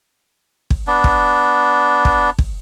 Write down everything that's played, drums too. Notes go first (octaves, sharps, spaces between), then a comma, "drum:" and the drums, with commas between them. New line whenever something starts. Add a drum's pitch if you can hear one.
drum: kick
B3 D4
drum: kick
drum: kick
drum: kick